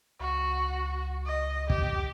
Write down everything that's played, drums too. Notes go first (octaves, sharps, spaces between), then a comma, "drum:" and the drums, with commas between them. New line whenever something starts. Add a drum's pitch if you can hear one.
C#2 F#4
D#5
G4, drum: kick